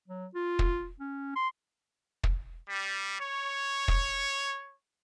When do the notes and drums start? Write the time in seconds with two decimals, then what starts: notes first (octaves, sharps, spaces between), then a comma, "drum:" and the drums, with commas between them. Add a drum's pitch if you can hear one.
0.08 F#3
0.35 F4
0.59 drum: kick
1.00 C#4
1.35 C6
2.24 drum: kick
2.69 G3
3.20 C#5
3.88 drum: kick